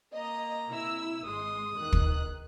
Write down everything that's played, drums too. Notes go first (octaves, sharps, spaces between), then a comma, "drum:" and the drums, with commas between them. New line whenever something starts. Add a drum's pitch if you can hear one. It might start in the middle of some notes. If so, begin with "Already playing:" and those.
A#3 D#5 A#5
C3 E4 E6
G#1 G#3 C6 D#6
E2 D#3 F#6
drum: kick